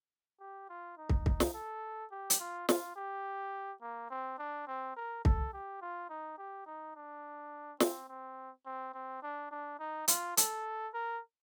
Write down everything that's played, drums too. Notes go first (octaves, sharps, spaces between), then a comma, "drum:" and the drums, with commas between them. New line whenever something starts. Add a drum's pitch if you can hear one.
G4
F4
D#4
drum: kick
D#4, drum: kick
drum: snare
A4
G4
drum: hi-hat
F4
F4, drum: snare
G4
A#3
C4
D4
C4
A#4
A4, drum: kick
G4
F4
D#4
G4
D#4
D4
C4, drum: snare
C4
C4
C4
D4
D4
D#4
F4, drum: hi-hat
A4, drum: hi-hat
A#4